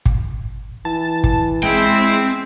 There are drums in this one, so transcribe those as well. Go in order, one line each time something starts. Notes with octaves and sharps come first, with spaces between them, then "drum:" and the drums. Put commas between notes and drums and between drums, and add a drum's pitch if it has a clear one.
drum: kick
E3 A5
drum: kick
G#3 C4 E4 G5